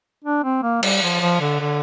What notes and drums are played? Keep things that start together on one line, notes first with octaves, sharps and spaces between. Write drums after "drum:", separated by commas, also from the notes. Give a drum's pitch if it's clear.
D4
C4
A#3
G3, drum: cymbal
F3
F3
D3
D3